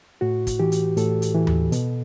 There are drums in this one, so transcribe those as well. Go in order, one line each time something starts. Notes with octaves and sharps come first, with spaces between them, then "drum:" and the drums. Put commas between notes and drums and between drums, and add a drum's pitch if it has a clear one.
A2 F#4
drum: kick, hi-hat
E3 G4
drum: hi-hat
A2 A4, drum: hi-hat
drum: hi-hat
E3
drum: tom D#2
B2, drum: hi-hat